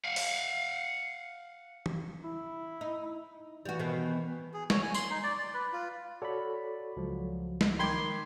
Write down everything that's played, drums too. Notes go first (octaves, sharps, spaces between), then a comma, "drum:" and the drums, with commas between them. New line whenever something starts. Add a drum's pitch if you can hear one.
F5 F#5
drum: open hi-hat
drum: tom
E4
D#4
E3 G3 F#4
B2 D#3 B3
G#4
C#5, drum: snare
G#5
C6, drum: tambourine
D#4
D5
D5
B4
F4
F#4 A4 C#5 D5 B5
C#2 F3 F#3
drum: snare
D#3 G5 B5 C6 D6 G#6